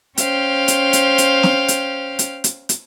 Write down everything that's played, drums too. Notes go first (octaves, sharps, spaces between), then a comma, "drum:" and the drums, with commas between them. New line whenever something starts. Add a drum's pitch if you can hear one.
C#4 C5 F5 G5, drum: hi-hat
drum: hi-hat
drum: hi-hat
drum: hi-hat
drum: snare
drum: hi-hat
drum: hi-hat
drum: hi-hat
drum: hi-hat